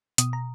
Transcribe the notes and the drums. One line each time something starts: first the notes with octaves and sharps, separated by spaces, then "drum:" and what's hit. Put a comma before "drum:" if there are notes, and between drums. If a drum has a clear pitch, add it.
B2 D#6, drum: hi-hat
A#5